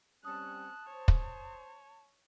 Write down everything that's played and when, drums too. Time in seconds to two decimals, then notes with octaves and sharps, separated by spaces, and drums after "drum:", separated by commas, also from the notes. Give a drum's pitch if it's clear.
0.25 G3 C4 C#4 A5 D#6 F#6
0.89 C5 C#5
1.08 drum: kick